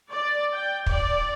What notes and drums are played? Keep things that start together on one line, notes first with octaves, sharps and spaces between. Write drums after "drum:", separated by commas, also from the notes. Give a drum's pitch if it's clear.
D5
G5
D5, drum: kick